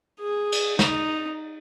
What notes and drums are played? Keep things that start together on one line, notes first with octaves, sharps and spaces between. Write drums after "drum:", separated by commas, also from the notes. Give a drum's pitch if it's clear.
G#4
drum: cymbal
D#4, drum: snare